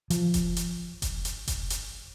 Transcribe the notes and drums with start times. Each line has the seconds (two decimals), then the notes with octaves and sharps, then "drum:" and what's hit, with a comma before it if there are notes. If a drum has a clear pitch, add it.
0.10 F3, drum: hi-hat
0.34 drum: kick F1, hi-hat
0.56 drum: hi-hat
1.02 drum: kick F1, hi-hat
1.25 drum: hi-hat
1.48 drum: kick F1, hi-hat
1.70 drum: hi-hat